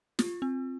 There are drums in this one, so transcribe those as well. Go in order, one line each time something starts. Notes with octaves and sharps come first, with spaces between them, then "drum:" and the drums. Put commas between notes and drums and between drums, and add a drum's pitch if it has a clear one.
F4, drum: snare
C4